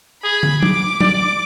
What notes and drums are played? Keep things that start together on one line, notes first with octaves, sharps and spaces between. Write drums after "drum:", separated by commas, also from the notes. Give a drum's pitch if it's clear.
G#4 B5
drum: tom
D6, drum: tom
D5, drum: tom